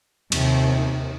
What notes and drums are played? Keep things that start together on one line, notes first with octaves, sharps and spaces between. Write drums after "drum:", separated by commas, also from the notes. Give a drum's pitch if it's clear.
D#2 C3, drum: cymbal